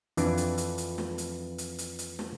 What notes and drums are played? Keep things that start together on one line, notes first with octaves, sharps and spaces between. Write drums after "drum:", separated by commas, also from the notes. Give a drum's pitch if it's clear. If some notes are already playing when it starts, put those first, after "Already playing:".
F2 E3 D4, drum: hi-hat
drum: hi-hat
drum: hi-hat
drum: hi-hat
drum: snare
drum: hi-hat
drum: hi-hat
drum: hi-hat
drum: hi-hat
drum: snare